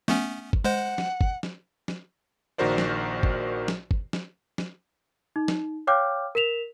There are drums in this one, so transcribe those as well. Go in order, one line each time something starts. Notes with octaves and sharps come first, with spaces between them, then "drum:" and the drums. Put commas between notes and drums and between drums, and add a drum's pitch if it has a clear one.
A3 B3 C#4, drum: snare
drum: kick
G#3 C5 F#5
drum: snare
drum: kick
drum: snare
drum: snare
A#1 D#3 F#4 A#4 C5 D5
drum: snare
drum: kick
drum: snare
drum: kick
drum: snare
drum: snare
D#4
drum: snare
C#5 F5 G5 D6 F6 G6
A#4 B6 E7 F7